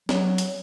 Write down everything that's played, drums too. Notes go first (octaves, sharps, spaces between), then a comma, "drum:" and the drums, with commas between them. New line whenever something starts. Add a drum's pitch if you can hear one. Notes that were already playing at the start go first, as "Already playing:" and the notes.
F#3, drum: snare
drum: hi-hat